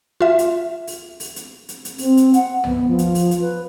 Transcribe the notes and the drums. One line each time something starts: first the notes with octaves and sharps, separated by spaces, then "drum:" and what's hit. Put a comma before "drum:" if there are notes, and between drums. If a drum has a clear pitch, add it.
F4 E5
drum: hi-hat
drum: open hi-hat
drum: open hi-hat
drum: hi-hat
drum: hi-hat
drum: hi-hat
C4, drum: open hi-hat
drum: hi-hat
F#5, drum: hi-hat
B3, drum: tom
F3
drum: hi-hat
drum: open hi-hat
drum: hi-hat
B4